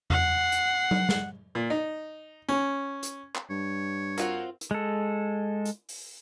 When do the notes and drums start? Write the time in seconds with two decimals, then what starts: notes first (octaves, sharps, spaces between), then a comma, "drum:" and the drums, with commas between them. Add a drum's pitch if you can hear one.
0.10 F#5 C7, drum: tom E2
0.52 drum: hi-hat
0.91 drum: tom F#3
1.09 drum: snare
1.55 A#2
1.70 D#4
2.49 C#4
3.03 drum: hi-hat
3.35 drum: clap
3.50 G2 C#5
4.18 C4 F4 F#4 A#4 C5 F#5, drum: hi-hat
4.61 drum: hi-hat
4.71 G#3 A4
5.65 drum: hi-hat
5.89 drum: open hi-hat